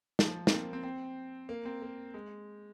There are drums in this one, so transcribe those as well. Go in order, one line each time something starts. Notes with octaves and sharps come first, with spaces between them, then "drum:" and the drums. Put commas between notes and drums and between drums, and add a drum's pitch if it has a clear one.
F3, drum: snare
C4, drum: snare
A#3
C4
C4
A#3
C4
A#3
G#3